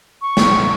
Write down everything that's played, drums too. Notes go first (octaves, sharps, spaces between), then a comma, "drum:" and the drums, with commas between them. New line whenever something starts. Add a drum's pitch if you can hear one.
C#6
drum: snare